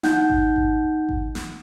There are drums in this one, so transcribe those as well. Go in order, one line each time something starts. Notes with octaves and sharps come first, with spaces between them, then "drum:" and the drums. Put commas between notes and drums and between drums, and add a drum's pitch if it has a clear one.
D#4 F#5 G6, drum: snare
drum: kick G#1
drum: kick G#1
drum: kick G#1
drum: snare